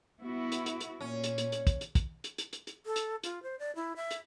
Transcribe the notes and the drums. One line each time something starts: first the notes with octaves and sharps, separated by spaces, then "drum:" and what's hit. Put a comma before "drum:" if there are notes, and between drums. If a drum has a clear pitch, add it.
B3 E4 F#4
drum: hi-hat
drum: hi-hat
drum: hi-hat
A#2 C#4
drum: hi-hat
drum: hi-hat
drum: hi-hat
drum: kick, hi-hat
drum: hi-hat
drum: kick, hi-hat
drum: hi-hat
drum: hi-hat
drum: hi-hat
drum: hi-hat
A4
drum: hi-hat
F4, drum: hi-hat
C5
D5
E4
E5
drum: hi-hat